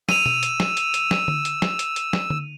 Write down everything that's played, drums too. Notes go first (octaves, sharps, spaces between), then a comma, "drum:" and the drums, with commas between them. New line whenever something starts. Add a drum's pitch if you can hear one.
E6 D#7 F7, drum: snare
drum: tom B2
drum: hi-hat
drum: snare
drum: hi-hat
drum: hi-hat
drum: snare
drum: tom D3
drum: hi-hat
drum: snare
drum: hi-hat
drum: hi-hat
drum: snare
drum: tom D3